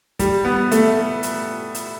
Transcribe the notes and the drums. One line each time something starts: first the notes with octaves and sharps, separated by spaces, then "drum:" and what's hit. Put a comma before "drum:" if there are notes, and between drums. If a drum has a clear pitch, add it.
G3, drum: kick, hi-hat
B3
A3, drum: hi-hat
drum: hi-hat
drum: hi-hat